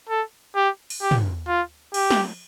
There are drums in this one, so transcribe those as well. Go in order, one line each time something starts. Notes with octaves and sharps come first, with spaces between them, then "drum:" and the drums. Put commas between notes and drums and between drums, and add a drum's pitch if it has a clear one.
A4
G4
drum: open hi-hat
G4
drum: tom
F4
G4, drum: cymbal
drum: snare